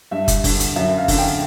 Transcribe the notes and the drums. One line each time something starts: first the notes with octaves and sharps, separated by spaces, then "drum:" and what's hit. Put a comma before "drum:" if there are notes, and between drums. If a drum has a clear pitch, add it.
G2 E5
drum: kick, hi-hat
D3, drum: kick, open hi-hat
drum: hi-hat
F#2 E5
F5
D3, drum: kick, open hi-hat
G5